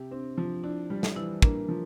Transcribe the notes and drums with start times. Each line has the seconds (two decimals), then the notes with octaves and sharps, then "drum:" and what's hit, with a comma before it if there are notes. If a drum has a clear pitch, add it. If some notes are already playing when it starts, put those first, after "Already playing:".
Already playing: C3 G4
0.11 C4 D4
0.38 F3 D4
0.64 D4 E4
0.90 G3 F4
1.03 drum: snare
1.16 E3 E4
1.42 A#3 D4, drum: kick
1.69 F3